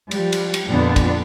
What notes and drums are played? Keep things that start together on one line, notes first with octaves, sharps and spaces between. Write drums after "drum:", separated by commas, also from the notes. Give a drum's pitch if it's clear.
F3 G3, drum: cymbal
drum: cymbal
drum: cymbal
F2 A#2 D3 B3 D4
drum: kick, cymbal